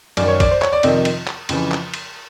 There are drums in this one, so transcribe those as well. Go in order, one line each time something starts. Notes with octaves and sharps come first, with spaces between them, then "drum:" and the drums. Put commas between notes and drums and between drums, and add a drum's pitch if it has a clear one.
F#2 D#3 D5, drum: cymbal
C#5
D5, drum: kick, cymbal
C5
C#5, drum: clap
D5
F2 C3 D#3 D#5, drum: cymbal
drum: cymbal
drum: clap
F2 C#3 E3, drum: cymbal
drum: clap
drum: cymbal